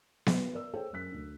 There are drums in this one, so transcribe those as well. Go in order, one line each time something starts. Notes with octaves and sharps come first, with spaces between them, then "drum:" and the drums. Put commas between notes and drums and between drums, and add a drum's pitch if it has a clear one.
drum: snare B3
B4
A#4 D5 E6
G#4 A4 C5 C#5 G5
F#2 F#6 B6
D2 D4